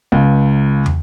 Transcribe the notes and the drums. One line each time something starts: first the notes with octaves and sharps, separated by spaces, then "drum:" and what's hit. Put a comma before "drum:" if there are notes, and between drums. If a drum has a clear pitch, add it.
C#2, drum: kick
drum: tom